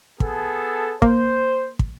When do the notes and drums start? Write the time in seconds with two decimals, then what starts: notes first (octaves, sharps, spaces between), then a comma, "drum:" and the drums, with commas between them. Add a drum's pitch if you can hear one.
0.20 B3 G#4 A4, drum: kick
1.02 A#3 C5, drum: kick
1.79 drum: kick